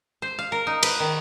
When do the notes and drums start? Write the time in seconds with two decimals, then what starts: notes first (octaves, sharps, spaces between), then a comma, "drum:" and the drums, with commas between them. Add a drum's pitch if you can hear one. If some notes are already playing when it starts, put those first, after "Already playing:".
0.22 C5
0.39 F5
0.52 A#4
0.67 D#4
0.83 B4, drum: cymbal
1.00 D#3